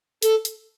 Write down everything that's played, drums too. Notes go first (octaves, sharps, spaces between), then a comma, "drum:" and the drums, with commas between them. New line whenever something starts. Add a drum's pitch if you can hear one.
A4, drum: hi-hat
drum: hi-hat